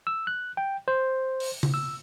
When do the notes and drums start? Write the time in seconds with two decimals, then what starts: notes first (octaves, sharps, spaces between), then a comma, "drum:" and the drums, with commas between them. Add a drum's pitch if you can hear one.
0.07 E6
0.27 F#6
0.57 G5
0.88 C5
1.40 drum: open hi-hat
1.63 drum: tom C#3
1.74 E6